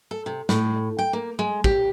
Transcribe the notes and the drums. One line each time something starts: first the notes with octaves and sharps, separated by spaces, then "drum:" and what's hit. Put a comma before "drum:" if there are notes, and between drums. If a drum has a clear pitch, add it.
A4
C3
A2, drum: snare
G5
A#3
G#3
G4, drum: kick